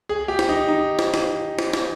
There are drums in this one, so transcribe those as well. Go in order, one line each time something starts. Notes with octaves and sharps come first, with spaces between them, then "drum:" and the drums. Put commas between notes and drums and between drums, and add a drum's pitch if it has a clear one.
G#4
G4
drum: snare
D#4
D#4
drum: snare
drum: snare
drum: snare
drum: snare